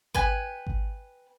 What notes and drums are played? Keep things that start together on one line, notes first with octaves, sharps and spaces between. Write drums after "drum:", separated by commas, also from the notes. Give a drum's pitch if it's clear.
B4 G5 G#5, drum: kick G#1
drum: kick G#1